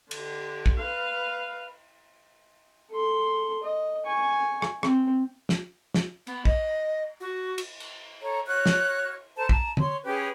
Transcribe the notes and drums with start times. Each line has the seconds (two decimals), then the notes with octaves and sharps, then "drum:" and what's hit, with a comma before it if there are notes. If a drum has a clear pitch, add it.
0.11 D3 G4, drum: cymbal
0.66 drum: kick
0.75 B4 F5
2.91 A4 C6
3.63 D#5
4.06 G#5 C#6
4.62 drum: rim click
4.83 C4, drum: rim click
5.49 drum: snare
5.94 drum: snare
6.27 B3, drum: cymbal
6.45 D#5, drum: kick
7.21 F#4
7.58 drum: cymbal
7.80 drum: cymbal
8.21 A4 C#5 A#5
8.46 F#4 C#5 F6 F#6
8.66 drum: snare
9.36 A4 C5 A5 A#5
9.49 A5 A#5, drum: kick
9.77 C#5 C6, drum: tom
10.03 C#4 G4 G#4 B4